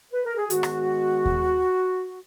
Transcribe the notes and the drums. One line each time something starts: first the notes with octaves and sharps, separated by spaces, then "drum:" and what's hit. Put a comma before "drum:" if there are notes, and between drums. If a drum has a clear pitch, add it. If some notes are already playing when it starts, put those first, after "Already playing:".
B4
A#4
G#4
G#2 D#3 G#3 B3 F#4, drum: hi-hat
drum: rim click
drum: kick D#2